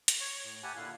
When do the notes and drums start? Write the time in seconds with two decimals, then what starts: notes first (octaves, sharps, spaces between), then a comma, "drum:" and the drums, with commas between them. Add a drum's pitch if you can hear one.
0.08 drum: hi-hat
0.20 C#5 C#6
0.44 A2
0.63 E4 G4 F#5 G#5 A5
0.76 A#2 D3 E4 F5 F#6